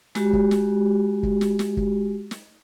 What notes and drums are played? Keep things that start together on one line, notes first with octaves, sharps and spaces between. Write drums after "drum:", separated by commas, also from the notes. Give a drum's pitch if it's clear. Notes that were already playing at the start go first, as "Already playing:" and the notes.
G#3 F#4 G4, drum: snare
drum: kick
drum: snare
drum: kick
drum: snare
drum: snare
drum: kick
drum: snare